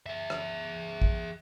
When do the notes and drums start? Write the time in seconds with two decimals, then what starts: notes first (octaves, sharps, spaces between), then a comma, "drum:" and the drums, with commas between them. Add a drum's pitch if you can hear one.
0.06 G#4 E5
0.30 drum: rim click
1.02 drum: kick